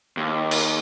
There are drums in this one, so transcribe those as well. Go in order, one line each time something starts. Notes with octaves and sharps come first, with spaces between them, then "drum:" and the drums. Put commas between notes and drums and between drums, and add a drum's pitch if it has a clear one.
D#2
drum: cymbal